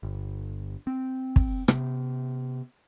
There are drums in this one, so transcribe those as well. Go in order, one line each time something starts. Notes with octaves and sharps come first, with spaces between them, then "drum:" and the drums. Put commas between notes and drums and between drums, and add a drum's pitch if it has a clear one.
G1
C4
drum: kick
C3 B3, drum: rim click